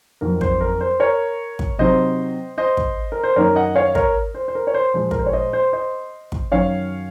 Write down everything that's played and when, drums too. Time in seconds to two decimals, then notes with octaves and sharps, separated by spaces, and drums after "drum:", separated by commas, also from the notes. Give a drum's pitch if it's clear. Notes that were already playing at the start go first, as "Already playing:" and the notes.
0.21 F2 D#3 F#3 A#3 A#4
0.41 C5, drum: kick
0.61 A#4
0.81 C5
1.00 A#4 C#5
1.59 drum: kick
1.79 C3 F#3 C4 D#4 C5 D#5
2.58 C5 D#5
2.77 drum: kick
3.12 A#4
3.23 C5
3.36 F#2 D#3 A#3 D#4 A#4 C#5
3.56 D#5 F#5
3.76 C#5 F5
3.95 A#4 C#5, drum: kick
4.35 C5
4.48 C5
4.55 A#4
4.67 C#5
4.74 C5
4.94 A#2 F3 G#3 C5
5.11 A#4, drum: kick
5.19 C5
5.26 C#5
5.33 C5 D#5
5.53 C5
5.73 C5 D#5
6.32 drum: kick
6.51 F#2 D#3 F#3 C#4 C#5 F5